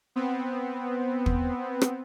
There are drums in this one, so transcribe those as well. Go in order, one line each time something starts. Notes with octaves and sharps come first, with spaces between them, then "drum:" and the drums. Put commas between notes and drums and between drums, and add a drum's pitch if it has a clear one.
B3 C4
drum: kick
drum: rim click